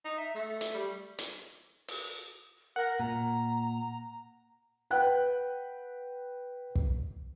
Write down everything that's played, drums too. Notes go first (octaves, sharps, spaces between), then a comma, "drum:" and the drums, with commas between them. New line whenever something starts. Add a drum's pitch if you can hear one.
D#4
E5
A3
drum: hi-hat
G3
drum: hi-hat
drum: open hi-hat
A#4 F#5
A#2 A#5
B4 F#5 G5 F#6
drum: kick